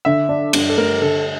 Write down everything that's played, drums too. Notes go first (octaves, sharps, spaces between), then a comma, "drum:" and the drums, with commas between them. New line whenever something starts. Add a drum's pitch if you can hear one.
D3 E5
D4
G2, drum: cymbal
A4
A3 A#4
D3 A4